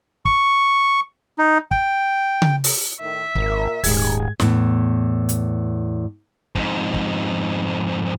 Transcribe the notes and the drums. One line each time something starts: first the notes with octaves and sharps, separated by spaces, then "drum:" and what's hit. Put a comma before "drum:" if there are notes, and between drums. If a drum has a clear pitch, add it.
C#6, drum: kick
D#4
G5, drum: kick
drum: tom C#3
drum: open hi-hat
A2 D#3 E5
G#1 A#2 A#4, drum: kick
D#1 G#2 D#3 G4 G#4 G#6, drum: open hi-hat
E2 A2, drum: snare
drum: hi-hat
F2 G#2, drum: kick
drum: kick